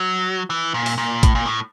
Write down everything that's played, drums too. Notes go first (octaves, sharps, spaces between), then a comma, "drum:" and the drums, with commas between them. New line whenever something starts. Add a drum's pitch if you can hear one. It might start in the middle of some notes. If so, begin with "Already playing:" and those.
Already playing: F#3
E3
A#2
drum: open hi-hat
A#2
A2, drum: kick A1, hi-hat
A#2
A2